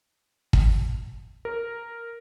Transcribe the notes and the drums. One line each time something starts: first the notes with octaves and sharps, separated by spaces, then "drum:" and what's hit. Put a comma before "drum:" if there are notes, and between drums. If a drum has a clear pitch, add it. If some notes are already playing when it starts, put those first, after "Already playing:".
drum: kick
A#4